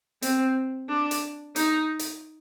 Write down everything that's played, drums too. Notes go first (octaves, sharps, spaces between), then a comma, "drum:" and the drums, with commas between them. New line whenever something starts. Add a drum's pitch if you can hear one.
C4, drum: hi-hat
D4
drum: hi-hat
D#4, drum: hi-hat
drum: hi-hat